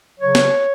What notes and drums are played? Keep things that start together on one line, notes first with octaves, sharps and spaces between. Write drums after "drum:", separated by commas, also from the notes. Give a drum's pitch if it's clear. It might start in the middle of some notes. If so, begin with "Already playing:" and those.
C#3 F#3 C#5
drum: snare